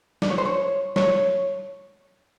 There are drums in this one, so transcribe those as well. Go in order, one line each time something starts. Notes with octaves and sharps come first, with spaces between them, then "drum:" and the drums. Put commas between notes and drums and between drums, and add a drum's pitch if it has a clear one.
D5, drum: snare
C#5
C5
C#5
C#5, drum: snare